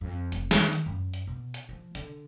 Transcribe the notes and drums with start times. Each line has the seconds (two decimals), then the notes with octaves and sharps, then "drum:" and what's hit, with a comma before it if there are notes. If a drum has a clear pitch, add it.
0.01 F2
0.32 F1, drum: hi-hat
0.51 D#3, drum: snare
0.73 drum: hi-hat
0.86 F#2
1.14 drum: hi-hat
1.27 B2
1.54 drum: hi-hat
1.69 F3
1.95 D3, drum: hi-hat